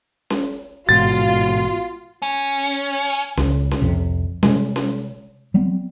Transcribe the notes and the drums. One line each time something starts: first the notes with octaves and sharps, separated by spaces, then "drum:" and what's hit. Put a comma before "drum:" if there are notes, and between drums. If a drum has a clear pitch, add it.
drum: snare C#4
A1 G#2 B2 F4 F#4 A6
C#4
C#2, drum: snare C#4
drum: snare C#4
C2 F2 C3
C3 G3 G#3, drum: snare C#4
drum: snare C#4
F#3 G3 B3 C4